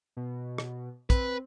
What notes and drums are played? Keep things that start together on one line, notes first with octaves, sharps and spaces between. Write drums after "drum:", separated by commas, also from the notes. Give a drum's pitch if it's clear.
B2
drum: rim click
C4 B4, drum: kick, hi-hat